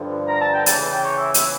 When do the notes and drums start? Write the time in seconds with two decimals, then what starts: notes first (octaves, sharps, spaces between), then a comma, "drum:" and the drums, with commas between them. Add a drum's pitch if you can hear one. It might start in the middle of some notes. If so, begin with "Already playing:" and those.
Already playing: G2 D3 F3
0.28 A#5
0.41 A5
0.54 G5
0.66 E2 C#3 E3 A5, drum: hi-hat
0.92 G5
1.04 C#5
1.18 E5
1.34 E5, drum: hi-hat